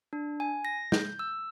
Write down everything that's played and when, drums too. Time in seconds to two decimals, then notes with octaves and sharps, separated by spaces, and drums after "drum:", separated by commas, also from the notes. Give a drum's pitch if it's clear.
0.13 D4
0.40 G#5
0.65 A#6
0.92 G6, drum: snare
1.19 E6